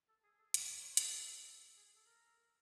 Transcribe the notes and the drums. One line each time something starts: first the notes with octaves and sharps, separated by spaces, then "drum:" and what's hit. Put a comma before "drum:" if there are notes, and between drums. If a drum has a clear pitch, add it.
A4
G#4
A4
A#4, drum: hi-hat
C#5
C5
B4, drum: hi-hat
A#4
A4
G#4
A4
A#4